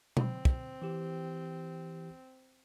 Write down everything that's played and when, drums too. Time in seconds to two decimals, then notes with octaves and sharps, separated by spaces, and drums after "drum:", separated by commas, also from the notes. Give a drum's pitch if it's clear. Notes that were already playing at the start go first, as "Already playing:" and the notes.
0.17 C4, drum: tom B2
0.45 drum: kick
0.82 E3 G4